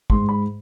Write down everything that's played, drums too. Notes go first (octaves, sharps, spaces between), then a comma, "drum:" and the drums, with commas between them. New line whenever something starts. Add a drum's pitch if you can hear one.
G#2 C6, drum: kick
B5